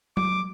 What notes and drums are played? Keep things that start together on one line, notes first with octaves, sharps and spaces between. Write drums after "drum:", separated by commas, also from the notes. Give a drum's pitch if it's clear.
D6, drum: tom F#3